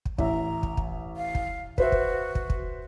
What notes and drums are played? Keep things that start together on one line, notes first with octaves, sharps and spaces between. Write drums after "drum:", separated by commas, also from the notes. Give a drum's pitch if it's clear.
drum: kick
A1 E5 A#5, drum: kick
drum: kick
drum: kick
F5
drum: kick
F#4 B4 C5 E5, drum: kick
drum: kick
drum: kick
drum: kick